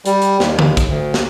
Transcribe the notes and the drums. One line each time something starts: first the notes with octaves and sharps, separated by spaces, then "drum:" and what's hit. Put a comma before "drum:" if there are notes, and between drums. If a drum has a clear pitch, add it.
G3, drum: hi-hat
drum: hi-hat
D#2, drum: snare
drum: tom D3
drum: kick, hi-hat
D2
drum: snare